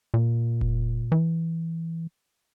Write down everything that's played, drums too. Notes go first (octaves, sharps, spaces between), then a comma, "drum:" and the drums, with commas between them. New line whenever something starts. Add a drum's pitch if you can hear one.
A#2
drum: kick F1
E3